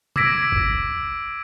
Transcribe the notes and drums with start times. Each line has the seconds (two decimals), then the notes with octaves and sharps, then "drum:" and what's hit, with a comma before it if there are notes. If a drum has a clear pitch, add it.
0.16 D6 E6 G#6 A#6 B6 D7, drum: tom
0.52 drum: kick